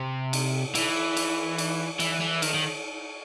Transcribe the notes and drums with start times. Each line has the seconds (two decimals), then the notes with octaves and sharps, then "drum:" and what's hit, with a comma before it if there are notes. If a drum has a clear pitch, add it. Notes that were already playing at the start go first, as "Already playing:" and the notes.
Already playing: C3
0.33 drum: cymbal
0.75 E3, drum: cymbal
1.17 drum: cymbal
1.58 drum: cymbal
2.00 E3, drum: cymbal
2.21 E3
2.42 D#3, drum: cymbal
2.55 D#3